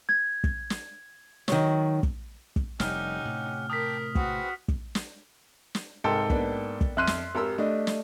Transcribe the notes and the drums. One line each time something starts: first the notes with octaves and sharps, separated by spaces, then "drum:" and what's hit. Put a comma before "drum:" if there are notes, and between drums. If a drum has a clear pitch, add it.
G#6
drum: kick
drum: snare
D#3 F#3, drum: snare
drum: kick
drum: kick
F1 G3 C#4 D#4 G4 F#5 F6, drum: snare
A2 C3
A#4 G5 A5 D6 D#6 B6
C4 F#4 G#4 B4, drum: kick
drum: kick
drum: snare
drum: snare
C2 G#2 A4 A#4 G5 C6
A#3 B3 D4, drum: kick
drum: kick
F2 E5 C6 F6 F#6 D#7
drum: snare
G#1 G4 A#4 E6
A3 D4 D#5
drum: snare